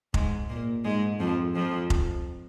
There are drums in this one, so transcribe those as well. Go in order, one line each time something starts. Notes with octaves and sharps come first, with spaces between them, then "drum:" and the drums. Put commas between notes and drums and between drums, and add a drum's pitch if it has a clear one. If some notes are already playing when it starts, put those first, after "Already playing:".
G#2 G#3, drum: kick F1
A#2 A#3
G#2 G#3
F2 F3
F2 F3
drum: kick F1